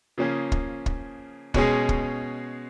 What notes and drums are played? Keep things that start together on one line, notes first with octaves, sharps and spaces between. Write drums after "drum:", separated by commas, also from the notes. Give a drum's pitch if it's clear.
C#3 F3 A#3 C#4 G#4
drum: kick
drum: kick
B2 G#3 C#4 G#4, drum: kick
drum: kick